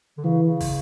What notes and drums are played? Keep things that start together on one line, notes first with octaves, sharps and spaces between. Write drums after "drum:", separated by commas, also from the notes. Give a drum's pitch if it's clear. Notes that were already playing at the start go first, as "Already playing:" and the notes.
D3
C#3 E3
C#3
drum: kick, open hi-hat